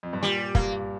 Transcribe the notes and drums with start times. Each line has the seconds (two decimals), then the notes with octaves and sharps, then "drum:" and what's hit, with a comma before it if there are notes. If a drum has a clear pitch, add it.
0.03 F2
0.13 G2
0.21 A#2 G3
0.55 G2 A#3, drum: kick